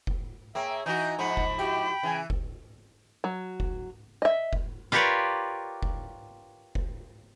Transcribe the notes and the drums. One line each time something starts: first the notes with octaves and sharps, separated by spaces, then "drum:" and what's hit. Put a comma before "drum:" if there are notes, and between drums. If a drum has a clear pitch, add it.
drum: kick F1
A#3 G#4 C#5 E5 G5
E3 D#4 F#4 D#5 G#5 G6
G#2 F3 F#5 B5
drum: kick F1
E4 F#4 G4 G5
C#3 E3 G#5
drum: kick F1
F#3
drum: kick F1
D#5 E5
drum: kick F1
F4 G4 A#4 B4 C#5 D5
drum: kick F1
drum: kick F1